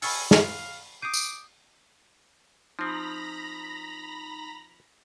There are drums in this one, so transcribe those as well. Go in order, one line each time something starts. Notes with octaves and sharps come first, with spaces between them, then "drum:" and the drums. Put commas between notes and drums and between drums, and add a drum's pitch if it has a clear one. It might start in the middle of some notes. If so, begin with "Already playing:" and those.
G#5 B5 C#6 E6 F6 A6 C#7, drum: open hi-hat
F5, drum: snare
D6 D#6 G6 C7 D#7
drum: tambourine
F3 C4 D#4 A#5 B5 D#6 A#6